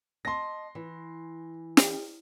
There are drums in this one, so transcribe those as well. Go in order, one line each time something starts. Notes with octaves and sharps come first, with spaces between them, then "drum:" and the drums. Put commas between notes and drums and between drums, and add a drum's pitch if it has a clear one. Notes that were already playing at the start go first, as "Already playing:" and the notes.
D#5 A5 C6 A#6
E3
drum: snare